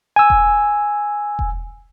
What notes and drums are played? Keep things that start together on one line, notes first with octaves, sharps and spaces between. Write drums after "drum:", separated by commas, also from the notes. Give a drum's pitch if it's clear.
G#5 E6
drum: kick E1
drum: kick E1